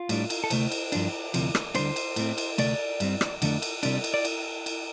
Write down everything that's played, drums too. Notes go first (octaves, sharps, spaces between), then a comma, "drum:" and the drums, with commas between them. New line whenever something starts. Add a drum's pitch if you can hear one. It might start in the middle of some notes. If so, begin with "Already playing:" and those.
Already playing: F4
A2 G3 D4, drum: cymbal
drum: cymbal
A4
D2 C3 A3 C5, drum: cymbal
drum: cymbal
G2 F3 D4, drum: cymbal
D2 C3 F3, drum: cymbal
drum: rim click
D2 D3 G3 D4 C5, drum: cymbal
drum: cymbal
A2 A3 C4, drum: cymbal
drum: cymbal
D2 C3 A3 D5, drum: cymbal
G2 G3 C4, drum: cymbal
drum: rim click
F2 D3 A3 D4, drum: cymbal
drum: cymbal
C3 G3 D4, drum: cymbal
drum: cymbal
D5
drum: cymbal
drum: cymbal